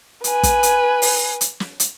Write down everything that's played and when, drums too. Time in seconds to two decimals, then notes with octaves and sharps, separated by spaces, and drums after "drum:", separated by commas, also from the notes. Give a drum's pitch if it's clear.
0.24 B4 G#5, drum: hi-hat
0.43 drum: kick, hi-hat
0.63 drum: hi-hat
1.02 drum: open hi-hat
1.41 drum: hi-hat
1.60 drum: snare
1.80 drum: hi-hat